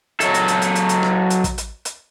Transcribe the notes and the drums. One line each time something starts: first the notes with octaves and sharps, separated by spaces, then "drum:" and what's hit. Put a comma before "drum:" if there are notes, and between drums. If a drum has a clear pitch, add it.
F#3 A4, drum: hi-hat
drum: hi-hat
drum: hi-hat
drum: hi-hat
drum: hi-hat
drum: hi-hat
drum: rim click
drum: hi-hat
drum: kick, hi-hat
drum: hi-hat
drum: hi-hat